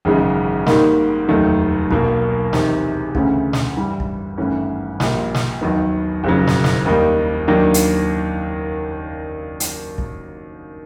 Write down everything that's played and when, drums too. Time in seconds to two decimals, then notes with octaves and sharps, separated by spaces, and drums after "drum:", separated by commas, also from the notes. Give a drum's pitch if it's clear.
0.05 G#1 F#2 C#3 E3 G#3
0.67 G#2 D#3 G3 A#3, drum: snare
1.28 F1 D#2 D#3 F#3 A3
1.91 B1 B2 F#3 A#3, drum: kick
2.53 E2 C3 D#3, drum: snare
3.15 D2 C#3 E3 A3 C#4, drum: kick
3.53 drum: snare
3.76 G2 E3 G3
4.00 drum: kick
4.38 G#1 G2 E3 A3 C#4
5.00 A#1 A#2 G3, drum: snare
5.34 drum: snare
5.61 D#2 D#3 F#3 B3
6.24 F#1 F2 C#3 F#3
6.47 drum: snare
6.64 drum: snare
6.85 D#2 D#3 G3 A#3 D#4
7.48 D#2 D#3 F#3 A#3 D4
7.74 drum: hi-hat
9.60 drum: hi-hat
9.98 drum: kick